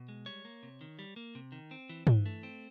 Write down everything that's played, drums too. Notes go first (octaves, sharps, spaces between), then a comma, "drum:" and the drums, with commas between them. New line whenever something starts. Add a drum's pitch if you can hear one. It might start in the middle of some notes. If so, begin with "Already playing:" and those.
Already playing: B2
G#3
G3 C#5
A#3
C3
D#3
G3
A#3
C3
D#3
C4
E3
E3, drum: tom
A3
C4